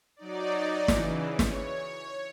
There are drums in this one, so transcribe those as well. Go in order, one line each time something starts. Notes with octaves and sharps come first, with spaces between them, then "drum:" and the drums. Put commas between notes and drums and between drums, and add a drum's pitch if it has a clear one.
F#3 D#4 D5
C#3 E3, drum: snare
C#5, drum: snare